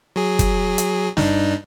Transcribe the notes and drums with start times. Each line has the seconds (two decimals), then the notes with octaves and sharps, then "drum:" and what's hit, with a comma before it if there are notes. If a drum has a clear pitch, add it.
0.16 F#3 G#4
0.39 drum: kick, hi-hat
0.78 drum: hi-hat
1.17 G2 D4 D#4, drum: snare